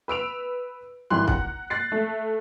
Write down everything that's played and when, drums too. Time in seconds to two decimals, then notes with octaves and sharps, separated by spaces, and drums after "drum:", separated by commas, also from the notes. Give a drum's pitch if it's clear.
0.08 B4 E6 D7 F7
1.10 G#1 E3 G3 C6 F#6
1.28 F#5 A#5, drum: kick
1.70 F#6 A6 C7
1.92 A3